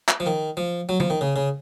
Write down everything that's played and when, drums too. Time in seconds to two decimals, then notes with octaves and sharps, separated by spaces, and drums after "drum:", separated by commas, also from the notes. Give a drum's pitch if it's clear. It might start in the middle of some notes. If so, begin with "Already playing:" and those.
0.09 drum: clap
0.20 F3
0.26 D#3
0.57 F3
0.89 F#3
1.00 F3, drum: tom
1.10 D#3
1.21 C#3
1.36 C#3